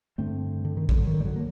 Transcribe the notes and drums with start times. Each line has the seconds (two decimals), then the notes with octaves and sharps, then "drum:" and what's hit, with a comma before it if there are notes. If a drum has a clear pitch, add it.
0.18 G2 D3 A3 C4
0.65 D3
0.77 D#3
0.89 D3 F#3, drum: kick
1.07 D#3
1.20 G3
1.25 D3 F#3
1.36 A#3